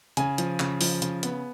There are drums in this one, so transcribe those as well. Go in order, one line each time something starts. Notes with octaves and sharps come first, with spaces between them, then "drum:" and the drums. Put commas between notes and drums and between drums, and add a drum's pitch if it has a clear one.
C#3 G#5, drum: hi-hat
F3, drum: hi-hat
C#3, drum: clap
F3, drum: open hi-hat
C#3, drum: hi-hat
B3, drum: hi-hat